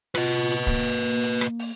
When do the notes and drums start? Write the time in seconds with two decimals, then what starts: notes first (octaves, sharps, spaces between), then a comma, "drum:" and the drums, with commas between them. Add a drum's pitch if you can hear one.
0.15 F4 B4 D#5, drum: rim click
0.51 drum: hi-hat
0.67 A#3, drum: kick C#1
0.87 drum: open hi-hat
1.23 drum: hi-hat
1.41 drum: rim click
1.59 drum: open hi-hat